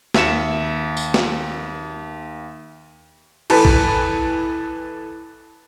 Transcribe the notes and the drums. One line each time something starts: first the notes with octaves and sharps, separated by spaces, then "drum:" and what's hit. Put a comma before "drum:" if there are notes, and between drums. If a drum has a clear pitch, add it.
D#2 E5 C#7 E7, drum: snare
drum: tambourine
drum: snare
E3 A4 B4, drum: cymbal
drum: kick A#1